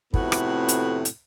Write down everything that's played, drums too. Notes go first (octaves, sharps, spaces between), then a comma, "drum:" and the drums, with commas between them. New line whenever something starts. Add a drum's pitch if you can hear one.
F2 A2 C3 B3 F#4, drum: kick
drum: rim click
drum: hi-hat
drum: hi-hat